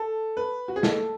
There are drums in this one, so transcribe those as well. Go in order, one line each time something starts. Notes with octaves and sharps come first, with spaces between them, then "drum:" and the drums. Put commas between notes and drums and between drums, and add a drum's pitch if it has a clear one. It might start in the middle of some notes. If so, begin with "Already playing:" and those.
Already playing: A4
B4
F#4
G#4
A4, drum: snare